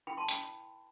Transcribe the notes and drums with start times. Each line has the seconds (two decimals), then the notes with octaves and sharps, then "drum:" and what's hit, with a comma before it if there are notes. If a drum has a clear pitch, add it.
0.07 E4 B4 G5 B5
0.17 A5 C6
0.29 G5 B5, drum: hi-hat